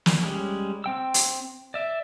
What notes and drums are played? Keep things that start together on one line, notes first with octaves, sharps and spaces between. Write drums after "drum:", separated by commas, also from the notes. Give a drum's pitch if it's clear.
drum: snare
G3 G#3 C#4
C4 G5 E6
drum: hi-hat
D5 E5